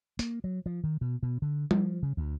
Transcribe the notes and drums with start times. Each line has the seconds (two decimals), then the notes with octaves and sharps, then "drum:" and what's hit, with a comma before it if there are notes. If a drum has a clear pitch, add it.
0.19 A#3, drum: hi-hat
0.44 F#3
0.66 F3
0.84 D#3
1.01 B2
1.23 B2
1.42 D3
1.71 F3, drum: tom G3
2.03 C#3
2.17 D2